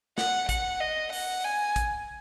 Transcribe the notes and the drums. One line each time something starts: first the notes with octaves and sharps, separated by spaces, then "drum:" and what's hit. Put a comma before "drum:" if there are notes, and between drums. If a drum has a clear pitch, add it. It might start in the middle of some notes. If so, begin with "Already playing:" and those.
F#5, drum: snare
F#5, drum: kick, hi-hat
D#5
F#5, drum: open hi-hat
G#5
drum: kick, hi-hat